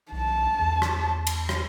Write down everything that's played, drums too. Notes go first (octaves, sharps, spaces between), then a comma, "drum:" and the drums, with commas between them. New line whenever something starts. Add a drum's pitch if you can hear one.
B1 A5
E2
drum: rim click
drum: cymbal
drum: rim click